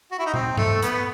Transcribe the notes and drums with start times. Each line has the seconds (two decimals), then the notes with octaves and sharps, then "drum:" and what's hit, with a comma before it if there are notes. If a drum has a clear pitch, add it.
0.11 F#4
0.19 E4
0.26 D#4
0.34 C4, drum: tom A#2
0.57 A3, drum: tom G2
0.82 B3, drum: hi-hat